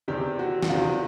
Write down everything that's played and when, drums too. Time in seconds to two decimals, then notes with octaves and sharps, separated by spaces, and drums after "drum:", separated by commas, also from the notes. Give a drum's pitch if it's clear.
0.08 E2 C3 D#3 G4
0.39 F#4
0.63 F#4, drum: snare
0.69 E2 C3 D#3 F4